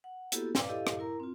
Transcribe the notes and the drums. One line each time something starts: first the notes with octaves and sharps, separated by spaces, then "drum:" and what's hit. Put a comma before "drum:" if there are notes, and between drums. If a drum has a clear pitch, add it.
F#5
A#3 B3 E4 F#4 G4 A4, drum: hi-hat
B4 D5 F5 D6, drum: snare
E4 G4 A4 D#5 F5
drum: rim click
E4 A#4 A#5
C4 F4